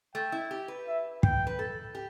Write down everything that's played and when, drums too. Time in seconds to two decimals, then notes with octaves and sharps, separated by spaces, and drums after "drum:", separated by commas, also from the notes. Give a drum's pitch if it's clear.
0.14 A3 G5
0.32 E4
0.51 G4
0.68 B4
0.87 E5
1.23 G5, drum: kick
1.47 B4
1.59 A4
1.95 G4